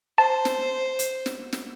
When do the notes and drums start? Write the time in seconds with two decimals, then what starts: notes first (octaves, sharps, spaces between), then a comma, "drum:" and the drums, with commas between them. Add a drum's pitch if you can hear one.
0.18 C5 A5
0.45 drum: snare
0.99 drum: hi-hat
1.26 drum: snare
1.53 drum: snare